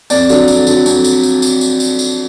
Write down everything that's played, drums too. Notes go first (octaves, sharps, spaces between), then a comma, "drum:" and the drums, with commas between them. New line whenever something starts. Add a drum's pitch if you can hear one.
F2 D5, drum: tambourine
D3 F#3, drum: tambourine
F2, drum: tambourine
D3 F#3, drum: tambourine
F2, drum: tambourine
drum: tambourine
drum: tambourine
drum: tambourine
drum: tambourine
drum: tambourine
drum: tambourine